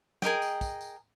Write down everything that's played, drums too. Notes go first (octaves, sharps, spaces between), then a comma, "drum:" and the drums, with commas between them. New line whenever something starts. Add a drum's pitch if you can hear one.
G#4 A#4 D#5 G5, drum: snare
drum: tambourine
drum: kick, tambourine
drum: tambourine